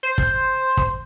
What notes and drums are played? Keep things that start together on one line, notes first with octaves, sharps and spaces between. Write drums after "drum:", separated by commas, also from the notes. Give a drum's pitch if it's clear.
C5
drum: kick
drum: kick